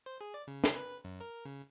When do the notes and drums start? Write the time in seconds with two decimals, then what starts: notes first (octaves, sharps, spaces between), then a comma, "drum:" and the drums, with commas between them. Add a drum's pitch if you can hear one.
0.06 C5
0.21 G#4
0.34 D5
0.47 C#3
0.64 drum: snare
0.76 B4
1.05 F#2
1.20 A#4
1.45 C#3